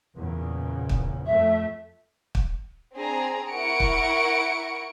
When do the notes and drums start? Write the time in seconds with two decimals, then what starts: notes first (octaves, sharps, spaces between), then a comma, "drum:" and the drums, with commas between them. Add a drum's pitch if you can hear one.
0.17 E2 A#2 C#3
0.89 drum: kick
1.26 F2 A3 E5
2.35 drum: kick
2.94 C4 D4 G#4 A#5
3.50 E4 A#4 F#5 C#6 C#7 D7
3.80 drum: kick